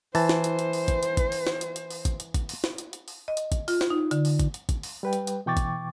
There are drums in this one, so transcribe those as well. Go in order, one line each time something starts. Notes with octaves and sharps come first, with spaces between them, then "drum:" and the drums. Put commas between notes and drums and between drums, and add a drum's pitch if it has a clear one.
E3 C5 A5, drum: open hi-hat
drum: snare
drum: hi-hat
drum: hi-hat
drum: open hi-hat
drum: kick, hi-hat
drum: hi-hat
drum: kick, hi-hat
drum: open hi-hat
drum: snare
drum: hi-hat
drum: hi-hat
drum: open hi-hat
drum: kick, hi-hat
drum: hi-hat
drum: kick, hi-hat
drum: open hi-hat
drum: snare
drum: hi-hat
drum: hi-hat
drum: open hi-hat
D#5
drum: hi-hat
drum: kick, hi-hat
F4, drum: open hi-hat
drum: snare
D#4
D3, drum: hi-hat
drum: open hi-hat
drum: kick, hi-hat
drum: hi-hat
drum: kick, hi-hat
drum: open hi-hat
G3 B4 G5
drum: hi-hat
drum: hi-hat
B2 E3 G5 C#6 D6 A6
drum: kick, hi-hat